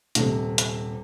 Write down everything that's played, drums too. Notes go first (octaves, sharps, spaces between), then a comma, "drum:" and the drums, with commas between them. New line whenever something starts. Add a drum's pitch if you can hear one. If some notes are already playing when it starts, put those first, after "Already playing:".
D#1 C3, drum: hi-hat
drum: hi-hat